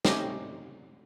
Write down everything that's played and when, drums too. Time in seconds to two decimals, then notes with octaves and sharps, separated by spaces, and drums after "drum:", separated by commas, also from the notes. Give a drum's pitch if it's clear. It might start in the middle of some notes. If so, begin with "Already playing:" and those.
0.05 A3 C4 C#4 D#4 G4 D#5, drum: snare